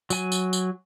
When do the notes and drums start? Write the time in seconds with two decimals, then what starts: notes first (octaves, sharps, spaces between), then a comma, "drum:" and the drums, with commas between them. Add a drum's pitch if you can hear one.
0.10 F#3 G#5, drum: tambourine
0.32 drum: tambourine
0.53 drum: tambourine